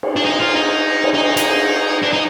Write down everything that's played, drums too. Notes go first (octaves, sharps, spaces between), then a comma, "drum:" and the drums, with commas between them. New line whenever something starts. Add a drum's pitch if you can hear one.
drum: cymbal
D4
D#4
F4
D#4
drum: cymbal
D#4
D#4, drum: hi-hat
D4
D#4